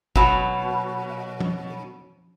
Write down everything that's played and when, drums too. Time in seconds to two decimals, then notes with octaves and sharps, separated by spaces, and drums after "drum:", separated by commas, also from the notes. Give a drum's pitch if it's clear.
0.16 B2 F#3, drum: kick G1
1.40 drum: tom